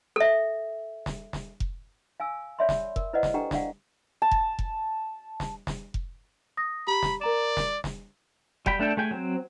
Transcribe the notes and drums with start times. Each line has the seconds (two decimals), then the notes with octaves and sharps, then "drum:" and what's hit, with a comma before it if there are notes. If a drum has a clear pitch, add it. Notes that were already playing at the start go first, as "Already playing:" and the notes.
0.16 A4 E5
1.06 drum: snare
1.33 drum: snare
1.60 drum: kick F1
2.20 F5 G#5 E6
2.59 C#5 D5 E5 B5 C6
2.69 drum: snare
2.96 A#4, drum: kick F1
3.13 E4 B4 C5 D5 D#5 F#5
3.23 drum: snare
3.34 D4 G4 A4 F#5 G5 A#5
3.51 D4 D5 F5 F#5, drum: snare
4.22 A5
4.31 drum: kick F1
4.59 drum: kick F1
5.40 drum: snare
5.67 drum: snare
5.94 drum: kick F1
6.57 D#6 A#6
6.87 G4 A#5 B5
7.03 drum: snare
7.21 A#4 D5 A#5 E7
7.57 drum: snare
7.84 drum: snare
8.66 G3 G5 B5, drum: kick F1
8.79 A3 D4 A4 G5
8.97 A3 G#4 G5 G#5
9.11 F#3 C4